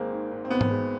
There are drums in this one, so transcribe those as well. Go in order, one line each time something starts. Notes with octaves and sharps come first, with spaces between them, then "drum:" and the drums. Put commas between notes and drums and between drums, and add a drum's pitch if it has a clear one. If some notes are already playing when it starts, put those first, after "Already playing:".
Already playing: G#1 G#3 A#3 C4
D#3
G#2
C4
G#1 B3
drum: tom G#2
G#3